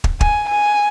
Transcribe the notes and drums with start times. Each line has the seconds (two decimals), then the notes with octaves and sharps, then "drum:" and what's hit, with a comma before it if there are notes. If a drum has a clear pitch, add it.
0.04 drum: kick
0.21 G#5, drum: kick
0.49 G#5